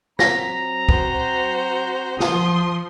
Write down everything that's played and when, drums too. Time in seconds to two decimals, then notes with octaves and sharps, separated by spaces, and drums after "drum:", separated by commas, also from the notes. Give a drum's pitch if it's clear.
0.19 F#3 C4 A#5 A#6 B6, drum: snare
0.89 F#4 C5, drum: kick
2.20 F3 C6 D#6, drum: snare